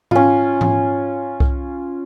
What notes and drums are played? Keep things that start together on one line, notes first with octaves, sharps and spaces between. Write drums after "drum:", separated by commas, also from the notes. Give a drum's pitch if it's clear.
C#4 F4, drum: tom G#2
drum: tom G#2
drum: kick C2